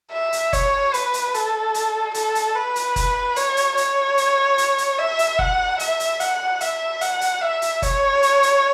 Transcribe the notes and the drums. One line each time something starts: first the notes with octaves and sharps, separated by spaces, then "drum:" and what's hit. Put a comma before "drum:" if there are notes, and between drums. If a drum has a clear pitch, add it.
E5
drum: hi-hat
C#5, drum: kick F#1, hi-hat
B4, drum: hi-hat
drum: hi-hat
A4, drum: hi-hat
drum: hi-hat
A4, drum: hi-hat
drum: hi-hat
B4
drum: hi-hat
drum: kick F#1, hi-hat
C#5, drum: hi-hat
drum: hi-hat
C#5, drum: hi-hat
drum: hi-hat
drum: hi-hat
drum: hi-hat
E5
drum: hi-hat
F#5, drum: kick F#1
E5, drum: hi-hat
drum: hi-hat
F#5, drum: hi-hat
E5, drum: hi-hat
F#5, drum: hi-hat
drum: hi-hat
E5
drum: hi-hat
C#5, drum: kick F#1, hi-hat
drum: hi-hat
drum: hi-hat